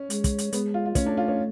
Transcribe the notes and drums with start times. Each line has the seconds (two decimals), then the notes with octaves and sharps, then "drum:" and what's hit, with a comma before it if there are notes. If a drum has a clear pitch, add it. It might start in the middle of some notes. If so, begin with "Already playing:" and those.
Already playing: C#4
0.10 G#3, drum: hi-hat
0.24 drum: kick, hi-hat
0.38 drum: hi-hat
0.53 G#3 B3, drum: hi-hat
0.74 F4
0.86 F4
0.95 A3 C#4, drum: kick, hi-hat
1.06 D4
1.17 F4
1.28 C#4